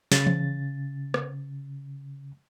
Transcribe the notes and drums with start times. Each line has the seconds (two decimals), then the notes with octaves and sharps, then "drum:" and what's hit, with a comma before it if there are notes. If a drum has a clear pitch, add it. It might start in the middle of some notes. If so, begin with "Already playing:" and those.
0.12 C#3 A6, drum: snare
0.26 drum: tom E3
1.14 drum: rim click